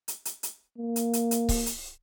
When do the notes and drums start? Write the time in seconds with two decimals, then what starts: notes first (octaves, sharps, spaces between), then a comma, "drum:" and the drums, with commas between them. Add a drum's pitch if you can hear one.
0.08 drum: hi-hat
0.25 drum: hi-hat
0.43 drum: hi-hat
0.78 A#3
0.96 drum: hi-hat
1.13 drum: hi-hat
1.31 drum: hi-hat
1.49 drum: kick C#1, open hi-hat
1.66 drum: hi-hat